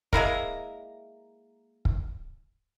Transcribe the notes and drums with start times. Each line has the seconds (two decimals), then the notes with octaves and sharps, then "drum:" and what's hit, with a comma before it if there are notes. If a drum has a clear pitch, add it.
0.13 G#3 A#3 E4 A#4, drum: kick
1.85 drum: kick